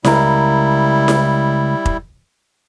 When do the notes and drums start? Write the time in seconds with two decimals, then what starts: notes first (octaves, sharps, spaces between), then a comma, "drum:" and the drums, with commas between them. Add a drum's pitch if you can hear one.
0.05 C#2 G3 E4 A#4, drum: snare E4
1.08 drum: snare E4
1.85 drum: kick F1